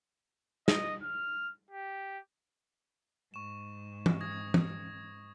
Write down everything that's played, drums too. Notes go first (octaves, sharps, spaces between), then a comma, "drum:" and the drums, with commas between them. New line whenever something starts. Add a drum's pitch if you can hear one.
D#5, drum: snare
F6
G4
G#2 C#6 E7
drum: tom
D#6 G#6 A#6
drum: tom